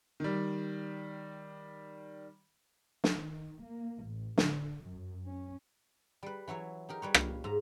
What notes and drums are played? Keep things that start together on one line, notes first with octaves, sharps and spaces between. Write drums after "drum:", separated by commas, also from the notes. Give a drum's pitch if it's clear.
D#3 G3
drum: snare
D#3
A#3
A1
D3, drum: snare
F#2
C#4
G3 B4
E3 F#3 E4 C#5
D#4 G4 A#4
G3 B4 C#5
F5, drum: rim click
G#2 A#5